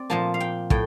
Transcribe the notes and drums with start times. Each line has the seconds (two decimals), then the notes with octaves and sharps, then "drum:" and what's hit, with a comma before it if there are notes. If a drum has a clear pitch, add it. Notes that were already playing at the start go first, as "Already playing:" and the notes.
Already playing: C4 D5
0.10 A#2 F3 A#3 A5
0.34 F5
0.40 G5
0.70 A2 G5, drum: kick